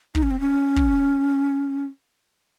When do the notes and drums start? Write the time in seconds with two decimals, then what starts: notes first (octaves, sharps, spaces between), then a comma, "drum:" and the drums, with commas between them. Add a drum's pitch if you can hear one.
0.15 D#4, drum: kick
0.23 C#4
0.31 C4
0.40 C#4
0.76 drum: kick